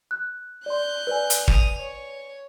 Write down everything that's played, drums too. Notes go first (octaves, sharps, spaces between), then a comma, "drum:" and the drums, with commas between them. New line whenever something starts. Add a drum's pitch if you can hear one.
F#6
D5 C6 F#6 G6
B4 D5 G#5
drum: hi-hat
D#6 F7, drum: kick
C#5